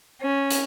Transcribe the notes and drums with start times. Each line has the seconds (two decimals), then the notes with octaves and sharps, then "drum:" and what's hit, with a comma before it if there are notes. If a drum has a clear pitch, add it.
0.22 C#4
0.51 drum: hi-hat